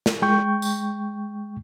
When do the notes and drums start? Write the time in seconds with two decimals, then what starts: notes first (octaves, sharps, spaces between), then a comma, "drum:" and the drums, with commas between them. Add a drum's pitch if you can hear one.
0.06 drum: snare
0.22 G#3 G5 C#6 G6
0.62 drum: tambourine